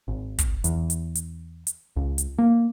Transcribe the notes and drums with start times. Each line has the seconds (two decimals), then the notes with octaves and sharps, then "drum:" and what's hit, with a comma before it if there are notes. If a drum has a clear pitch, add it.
0.08 G#1
0.39 drum: kick, hi-hat
0.64 E2, drum: hi-hat
0.90 drum: hi-hat
1.15 drum: hi-hat
1.67 drum: hi-hat
1.96 C#2
2.18 drum: hi-hat
2.38 A#3